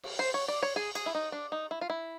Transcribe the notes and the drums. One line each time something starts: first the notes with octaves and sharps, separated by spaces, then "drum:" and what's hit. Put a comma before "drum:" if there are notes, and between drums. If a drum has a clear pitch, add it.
drum: cymbal
C5
C#5
D5
C#5
G#4
G#4, drum: cymbal
E4
D#4
D4
D#4
E4
F4
E4